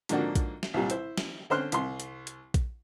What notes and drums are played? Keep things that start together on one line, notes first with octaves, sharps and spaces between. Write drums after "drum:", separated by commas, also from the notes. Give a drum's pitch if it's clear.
G#2 D3 F3 A#3 D4 F#4, drum: hi-hat
drum: kick A#1, hi-hat
drum: snare
C2 A#2 G3
E4 C5, drum: hi-hat
drum: snare
D3 C#4 C5 C6 F6 F#6
C2 C6, drum: hi-hat
drum: hi-hat
drum: hi-hat
drum: kick A#1, hi-hat